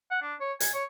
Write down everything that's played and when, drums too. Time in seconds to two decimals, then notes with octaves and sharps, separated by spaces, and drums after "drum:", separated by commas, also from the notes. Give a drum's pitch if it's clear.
0.11 F#5
0.22 D4
0.41 C#5
0.60 G#5, drum: hi-hat
0.74 C#5